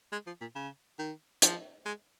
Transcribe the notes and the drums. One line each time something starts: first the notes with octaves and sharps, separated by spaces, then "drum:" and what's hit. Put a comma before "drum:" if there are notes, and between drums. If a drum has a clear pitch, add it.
G#3
F3
A#2
C#3
D#3
F3, drum: hi-hat
G#3